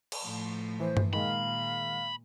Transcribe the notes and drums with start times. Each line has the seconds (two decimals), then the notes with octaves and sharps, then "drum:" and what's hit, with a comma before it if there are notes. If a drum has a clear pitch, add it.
0.12 drum: cymbal
0.23 A2 F3
0.80 E3 C5
0.97 drum: tom G2
1.13 A#2 D#3 G#3 F5 B5